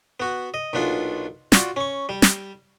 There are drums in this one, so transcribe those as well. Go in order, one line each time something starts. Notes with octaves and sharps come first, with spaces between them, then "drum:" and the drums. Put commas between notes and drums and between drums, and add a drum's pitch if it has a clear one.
B3 F#4
D#5
B1 A#2 B3 D4 F4
F4 F#4 D5, drum: snare
C#4 C#6
G3
drum: snare